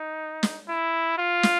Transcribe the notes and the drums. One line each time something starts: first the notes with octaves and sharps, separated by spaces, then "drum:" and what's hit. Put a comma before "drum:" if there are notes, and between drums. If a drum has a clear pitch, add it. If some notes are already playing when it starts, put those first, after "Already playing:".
Already playing: D#4
drum: snare
E4
F4
drum: snare